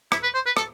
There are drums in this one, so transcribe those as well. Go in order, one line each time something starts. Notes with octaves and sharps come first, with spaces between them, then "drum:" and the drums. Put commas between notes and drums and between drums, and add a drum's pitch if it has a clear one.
E4, drum: rim click
B4
C5
B4
A4, drum: rim click